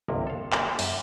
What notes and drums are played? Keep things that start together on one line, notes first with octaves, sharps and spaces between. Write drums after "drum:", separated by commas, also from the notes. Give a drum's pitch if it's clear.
G1 C2 F2 C3 A#3
A4 F5
A#3, drum: clap
F#2 G4 E5, drum: cymbal